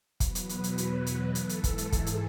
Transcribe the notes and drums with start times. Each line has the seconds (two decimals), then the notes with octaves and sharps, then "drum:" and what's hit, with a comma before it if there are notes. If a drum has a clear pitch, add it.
0.20 E2 B2 F#3 B4, drum: kick, hi-hat
0.35 drum: hi-hat
0.49 drum: hi-hat
0.64 drum: hi-hat
0.78 B4, drum: hi-hat
1.06 drum: hi-hat
1.35 G#2 E3 A4, drum: hi-hat
1.49 drum: hi-hat
1.64 drum: kick, hi-hat
1.78 drum: hi-hat
1.92 G#4, drum: kick, hi-hat
2.06 drum: hi-hat